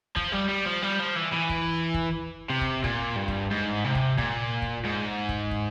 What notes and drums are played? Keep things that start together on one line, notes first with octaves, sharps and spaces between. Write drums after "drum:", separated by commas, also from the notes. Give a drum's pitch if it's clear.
F3, drum: kick
G3
G3
F3
G3
F3
E3
E3
drum: kick
drum: kick
C3
drum: kick
A#2, drum: kick
G2
drum: kick
G#2
C3
drum: kick
A#2, drum: kick
drum: kick
G#2
drum: kick
drum: kick